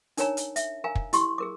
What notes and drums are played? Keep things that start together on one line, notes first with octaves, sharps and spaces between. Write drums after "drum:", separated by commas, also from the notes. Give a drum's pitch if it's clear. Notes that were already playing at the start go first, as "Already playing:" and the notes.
D4 D#4 A#4 C#5 G#5 A#5, drum: hi-hat
drum: hi-hat
E5, drum: hi-hat
A#4 F5 G#5 A#5
drum: kick
E4 G4 C6 C#6, drum: hi-hat
G#4 A#4 D6